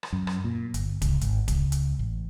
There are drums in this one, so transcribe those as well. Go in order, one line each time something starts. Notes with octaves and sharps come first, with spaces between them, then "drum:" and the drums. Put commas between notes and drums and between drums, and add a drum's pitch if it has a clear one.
drum: rim click
F#2
drum: rim click
A#2
G1, drum: hi-hat
C#2, drum: kick D1, hi-hat
G#1, drum: hi-hat
C#2, drum: kick D1, hi-hat
drum: hi-hat
A1